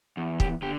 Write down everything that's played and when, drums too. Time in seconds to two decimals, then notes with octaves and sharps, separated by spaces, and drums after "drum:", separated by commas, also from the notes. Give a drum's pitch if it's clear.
0.17 E2
0.40 G4, drum: kick
0.62 D3 G4